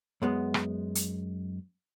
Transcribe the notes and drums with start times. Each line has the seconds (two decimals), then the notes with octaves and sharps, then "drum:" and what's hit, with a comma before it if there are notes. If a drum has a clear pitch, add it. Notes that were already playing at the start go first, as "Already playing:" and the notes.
0.22 F#2 G#3 B3
0.54 drum: rim click
0.95 drum: hi-hat